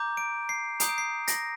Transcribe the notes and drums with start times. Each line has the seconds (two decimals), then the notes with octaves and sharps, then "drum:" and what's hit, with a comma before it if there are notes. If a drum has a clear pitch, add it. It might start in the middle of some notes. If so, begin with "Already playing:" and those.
Already playing: A#5 D6 G6
0.17 D7
0.49 C7
0.80 A#5 D#6 G6 C7, drum: hi-hat
0.89 D7
0.98 C7
1.28 A#6, drum: hi-hat